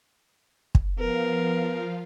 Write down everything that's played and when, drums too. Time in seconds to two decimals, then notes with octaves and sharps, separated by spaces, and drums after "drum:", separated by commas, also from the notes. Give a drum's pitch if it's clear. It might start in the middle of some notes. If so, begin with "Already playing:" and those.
0.75 drum: kick
0.99 F3 B3 F4 A#4